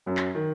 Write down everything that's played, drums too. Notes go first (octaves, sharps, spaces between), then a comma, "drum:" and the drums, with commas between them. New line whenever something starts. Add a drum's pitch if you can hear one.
F#2 F#3
drum: clap
D#3